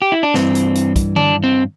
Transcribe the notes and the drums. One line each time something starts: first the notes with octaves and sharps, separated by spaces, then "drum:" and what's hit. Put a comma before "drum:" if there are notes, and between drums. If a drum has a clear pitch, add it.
G4
E4
D4
G2 E3 C4, drum: snare
drum: hi-hat
drum: hi-hat
drum: kick, hi-hat
D4, drum: tom D3
C4